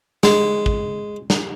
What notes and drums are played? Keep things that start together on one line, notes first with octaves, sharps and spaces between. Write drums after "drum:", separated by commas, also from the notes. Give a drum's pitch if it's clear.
G#3, drum: snare
drum: kick
drum: snare